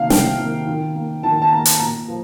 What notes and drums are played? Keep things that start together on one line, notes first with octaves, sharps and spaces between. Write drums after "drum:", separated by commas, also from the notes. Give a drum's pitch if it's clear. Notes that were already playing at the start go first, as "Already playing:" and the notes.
Already playing: C3 D#3 A#3 F5
C3 G5, drum: snare
D#3 A#3
D#3
A#3
D#3 A5
A5
A#3 A#5
drum: hi-hat
A#2 A#5
F3